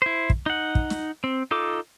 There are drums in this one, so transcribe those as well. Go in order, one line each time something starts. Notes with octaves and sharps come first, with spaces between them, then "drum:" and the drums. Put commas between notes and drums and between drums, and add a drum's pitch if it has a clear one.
E4 C5
drum: kick
D#4 F#5
drum: kick
drum: snare
C4
D#4 F4 A4 D6